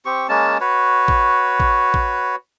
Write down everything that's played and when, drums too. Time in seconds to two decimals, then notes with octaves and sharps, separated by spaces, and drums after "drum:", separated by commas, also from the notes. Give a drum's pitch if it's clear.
0.05 C4 G4 C#6
0.29 G#3 A#3 C#4 A5
0.60 F#4 B4 C#5
1.08 drum: kick A1
1.60 drum: kick A1
1.94 drum: kick A1